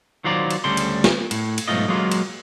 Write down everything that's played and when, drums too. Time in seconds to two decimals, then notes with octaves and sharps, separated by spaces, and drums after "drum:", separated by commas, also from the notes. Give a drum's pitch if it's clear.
0.24 D#3 F#3 F4 C5 D5 A#5
0.51 drum: cymbal
0.64 D2 C#3 G3 A4 C6
0.77 drum: cymbal
1.04 drum: snare
1.31 A2, drum: cymbal
1.58 drum: cymbal
1.68 B1 E2 G#2 A3 F4 D#5
1.88 F#3 G#3 A#3 F4
2.12 drum: cymbal